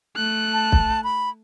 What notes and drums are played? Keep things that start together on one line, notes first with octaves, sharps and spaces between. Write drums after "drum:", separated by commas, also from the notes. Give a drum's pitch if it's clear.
A3 F#6
A5
drum: kick B1
B5